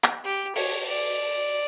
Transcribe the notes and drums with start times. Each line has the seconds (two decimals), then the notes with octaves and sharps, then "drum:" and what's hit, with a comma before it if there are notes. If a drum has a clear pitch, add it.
0.04 drum: clap
0.24 G4
0.56 C#5, drum: open hi-hat
0.86 D5